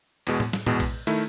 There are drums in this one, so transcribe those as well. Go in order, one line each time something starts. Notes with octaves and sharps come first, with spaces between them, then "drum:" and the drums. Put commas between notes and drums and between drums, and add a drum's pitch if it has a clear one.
E2 B2 G#3, drum: cymbal
drum: tom A2
drum: snare
E2 B2 G#3, drum: tom A2
drum: kick A#1, cymbal
D#3 A3 E4, drum: cymbal